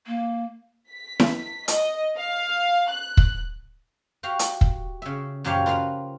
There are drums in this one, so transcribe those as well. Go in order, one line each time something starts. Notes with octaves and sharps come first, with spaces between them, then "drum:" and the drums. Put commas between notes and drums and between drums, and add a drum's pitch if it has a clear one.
A#3
B6
drum: snare E4
D#5, drum: hi-hat
F5
F#6
drum: kick
F#4 G4 F5
drum: hi-hat
drum: kick
C#3 E5
F#2 A#2 F3 G4 C#5 F5
F4 A#4 B4 F5